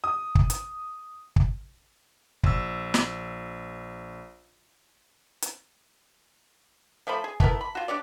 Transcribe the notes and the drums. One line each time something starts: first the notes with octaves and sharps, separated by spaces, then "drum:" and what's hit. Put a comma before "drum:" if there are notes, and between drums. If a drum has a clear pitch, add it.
D#6
drum: kick
drum: hi-hat
drum: kick
A#1 E6, drum: kick
drum: snare
drum: hi-hat
F3 A3 C5 B5
G#4
A3 B3 E4 A#4, drum: kick
B5
F4 F#4
D4 G4 C#5 D5